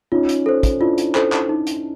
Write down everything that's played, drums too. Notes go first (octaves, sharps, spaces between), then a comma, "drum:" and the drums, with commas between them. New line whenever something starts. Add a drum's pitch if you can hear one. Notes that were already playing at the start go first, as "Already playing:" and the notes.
C#4 D#4 F4
drum: hi-hat
A4 C5
drum: kick, hi-hat
D4 E4 F4
drum: hi-hat
A4 C5, drum: clap
drum: clap
D#4
drum: hi-hat